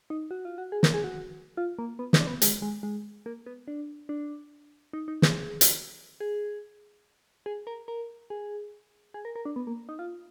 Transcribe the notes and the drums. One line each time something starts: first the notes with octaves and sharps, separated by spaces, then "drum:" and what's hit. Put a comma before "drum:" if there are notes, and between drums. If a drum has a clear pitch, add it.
D#4
F#4
F4
F#4
G#4
A#4, drum: snare
G#4
F#4
F4
A#3
B3
D#4, drum: snare
D4
B3
G#3, drum: hi-hat
G#3
G#3
A#3
B3
D4
D4
D#4
D#4
G#4, drum: snare
drum: hi-hat
G#4
G#4
A#4
A#4
G#4
G#4
A#4
A#4
D4
B3
A#3
D#4
F4